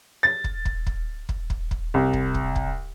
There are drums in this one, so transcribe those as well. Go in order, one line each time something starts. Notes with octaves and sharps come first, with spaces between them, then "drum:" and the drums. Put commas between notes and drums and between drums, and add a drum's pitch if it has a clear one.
A6
drum: kick
drum: kick
drum: kick
drum: kick
drum: kick
drum: kick
C2
drum: kick
drum: kick
drum: kick